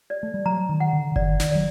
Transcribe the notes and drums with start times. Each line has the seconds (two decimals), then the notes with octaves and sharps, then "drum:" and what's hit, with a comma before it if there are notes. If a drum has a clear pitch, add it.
0.10 D5
0.23 A3
0.34 G3
0.46 F#3 A#5
0.69 D#3
0.80 F#5
0.93 D3
1.12 D3
1.16 D#3 D5, drum: kick F#1
1.40 D#3, drum: snare
1.51 F#3 D5